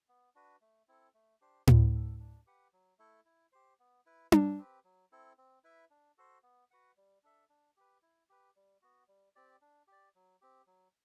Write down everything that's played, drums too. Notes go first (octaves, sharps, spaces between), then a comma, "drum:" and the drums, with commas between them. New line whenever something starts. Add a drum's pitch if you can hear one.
B3
D4 F#4 B4
A3
C4 E4 A4
A3
D4 G4 C5
G3, drum: tom A2
D4 A4
D4
G4 B4 F#5
F#3
A3 E4 A4
E4
G4 C5
B3
E4 B4
F#3, drum: tom D4
C4 G4 B4
F#3
C4 E4 A4
C4
E4 B4 E5
D4
F#4 A4 C5
B3
F#4 B4 F#5
G3
D4 A4 E5
D4
G4 B4
E4
G4 B4
G3
B3 F#4
G3
C4 G4 D5
D4
G4 D5
F#3
C4 G4
F#3